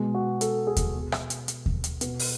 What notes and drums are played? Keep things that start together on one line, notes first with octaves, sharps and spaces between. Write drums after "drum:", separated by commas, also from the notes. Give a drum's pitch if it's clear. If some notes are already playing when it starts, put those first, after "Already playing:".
Already playing: B2 G#3
F#4
A4, drum: hi-hat
G#4
drum: kick D#2, hi-hat
B2
drum: rim click
drum: hi-hat
drum: hi-hat
drum: kick D#2
drum: hi-hat
B2 B3, drum: hi-hat
drum: open hi-hat